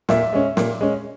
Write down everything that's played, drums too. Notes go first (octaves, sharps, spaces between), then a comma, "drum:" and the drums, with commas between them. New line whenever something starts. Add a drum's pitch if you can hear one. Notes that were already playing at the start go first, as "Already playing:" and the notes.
A#2 E5, drum: snare
G#3 C#4
A#2, drum: snare
G#3 C#4